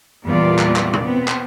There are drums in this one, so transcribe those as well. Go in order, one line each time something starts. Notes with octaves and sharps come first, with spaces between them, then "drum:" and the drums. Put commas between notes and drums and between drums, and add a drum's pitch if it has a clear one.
E2 A#2 G3 B3 F4 D5
drum: clap
drum: clap
drum: tom
B3 C4
drum: clap